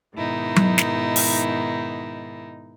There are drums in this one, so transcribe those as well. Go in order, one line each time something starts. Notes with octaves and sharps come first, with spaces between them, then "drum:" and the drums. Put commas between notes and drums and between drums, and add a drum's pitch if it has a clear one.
G#2 B2 D#3 D#4 E4
drum: tom F#3
drum: snare
drum: open hi-hat